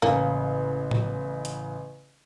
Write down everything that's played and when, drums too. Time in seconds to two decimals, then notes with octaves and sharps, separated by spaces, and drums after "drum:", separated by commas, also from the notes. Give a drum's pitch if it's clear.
0.02 A1 C#3 A#3 C#4
0.91 drum: tom A2
1.45 drum: hi-hat